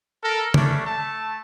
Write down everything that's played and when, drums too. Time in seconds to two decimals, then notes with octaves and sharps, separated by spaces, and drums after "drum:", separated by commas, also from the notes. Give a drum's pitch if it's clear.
0.23 A4 A#4
0.54 G3 A3 C#4 D4, drum: tom C#3
0.86 A3 A5